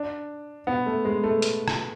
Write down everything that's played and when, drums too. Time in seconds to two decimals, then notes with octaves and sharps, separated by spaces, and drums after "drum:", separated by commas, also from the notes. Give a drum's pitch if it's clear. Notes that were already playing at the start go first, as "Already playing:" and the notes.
Already playing: D4
0.67 B3
0.86 A3
1.05 G#3
1.24 A3
1.42 drum: hi-hat
1.68 drum: rim click